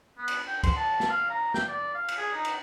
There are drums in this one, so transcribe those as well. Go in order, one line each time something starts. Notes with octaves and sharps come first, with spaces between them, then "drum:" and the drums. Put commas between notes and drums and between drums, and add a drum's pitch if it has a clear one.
B3
drum: cymbal
G5
C6, drum: kick, cymbal
A5
drum: snare
F5
A#5
G5, drum: snare
D5
F5
drum: cymbal
G#4
D#4
drum: cymbal